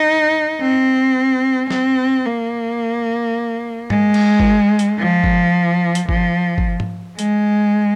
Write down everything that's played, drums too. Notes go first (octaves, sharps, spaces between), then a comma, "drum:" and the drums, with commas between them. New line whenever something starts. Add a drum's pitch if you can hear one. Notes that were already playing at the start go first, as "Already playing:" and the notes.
Already playing: D#4
C4
C4, drum: snare
A#3
G#3, drum: tom G#2
drum: cymbal
drum: kick
drum: hi-hat
F3
drum: kick
drum: hi-hat
F3, drum: kick
drum: kick
drum: tom G#2
G#3, drum: hi-hat